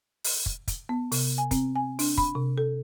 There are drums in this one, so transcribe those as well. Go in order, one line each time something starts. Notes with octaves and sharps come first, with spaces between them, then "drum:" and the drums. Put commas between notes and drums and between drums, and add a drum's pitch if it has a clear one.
drum: open hi-hat
drum: kick
drum: kick, hi-hat
B3
C3, drum: open hi-hat
G#5
C4, drum: kick, hi-hat
G#5
D4, drum: open hi-hat
B5, drum: kick
C3
A4